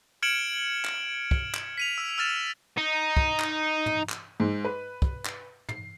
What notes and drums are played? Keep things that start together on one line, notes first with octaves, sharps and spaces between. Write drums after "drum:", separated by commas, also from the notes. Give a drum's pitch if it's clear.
F6 G#6 C#7 D7 E7 F#7
drum: clap
drum: kick
drum: clap
B6 D#7 F7
E6
E6 F6 A6 E7
D#4
drum: kick
drum: clap
drum: tom
drum: clap
G#2
B4
drum: kick
drum: clap
C7, drum: tom